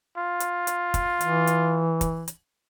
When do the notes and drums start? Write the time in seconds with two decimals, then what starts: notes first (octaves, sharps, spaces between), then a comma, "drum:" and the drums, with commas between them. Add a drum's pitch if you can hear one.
0.17 F4
0.40 drum: hi-hat
0.67 drum: hi-hat
0.94 drum: kick, hi-hat
1.21 E3, drum: hi-hat
1.47 drum: hi-hat
2.01 drum: kick, hi-hat
2.28 drum: hi-hat